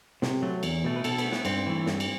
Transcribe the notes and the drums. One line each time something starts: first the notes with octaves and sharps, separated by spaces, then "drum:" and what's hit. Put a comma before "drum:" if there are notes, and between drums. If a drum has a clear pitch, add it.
C3, drum: snare
F#3 A3
E2, drum: cymbal
B2 A3
B4
B2 A4, drum: cymbal
B3, drum: cymbal
A3
B3, drum: snare
G2 C4, drum: cymbal
E3 A3
G2, drum: snare
drum: cymbal